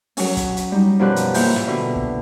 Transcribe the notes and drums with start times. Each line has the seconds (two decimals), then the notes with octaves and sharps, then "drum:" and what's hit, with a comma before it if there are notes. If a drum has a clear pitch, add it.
0.17 F#3 C#4, drum: open hi-hat
0.37 drum: kick, hi-hat
0.57 drum: hi-hat
0.72 G3 D#4
0.99 F#2 B2 F3 G4 D5 F#6
1.16 drum: hi-hat
1.34 A#3 E4 F4 G5 G6, drum: open hi-hat
1.56 drum: snare
1.67 B2 D3 B3
1.96 drum: kick